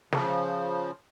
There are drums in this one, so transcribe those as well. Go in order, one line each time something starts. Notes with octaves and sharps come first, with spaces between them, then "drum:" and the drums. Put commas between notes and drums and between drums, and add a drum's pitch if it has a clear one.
C#3 F3, drum: snare